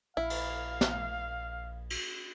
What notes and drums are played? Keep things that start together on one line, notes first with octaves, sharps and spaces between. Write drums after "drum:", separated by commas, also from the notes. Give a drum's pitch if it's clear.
A#1 E4 F5
drum: cymbal
drum: snare
drum: cymbal